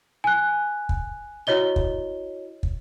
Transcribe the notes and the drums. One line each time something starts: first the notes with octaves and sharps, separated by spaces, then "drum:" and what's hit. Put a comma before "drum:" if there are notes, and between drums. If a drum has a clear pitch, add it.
G#5 F#6
drum: kick
E4 F#4 C#5 D#5 G7
drum: kick
drum: kick